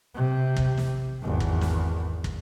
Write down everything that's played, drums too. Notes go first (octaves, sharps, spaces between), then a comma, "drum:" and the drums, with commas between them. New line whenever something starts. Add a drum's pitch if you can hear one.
C3
drum: kick
drum: snare
G#1 E2
drum: kick
drum: snare
drum: kick